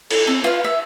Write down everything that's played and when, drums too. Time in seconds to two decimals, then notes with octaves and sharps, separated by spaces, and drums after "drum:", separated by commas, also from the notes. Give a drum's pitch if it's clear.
0.11 A4, drum: cymbal
0.27 C4 A4
0.44 F4 B4 F5
0.64 E5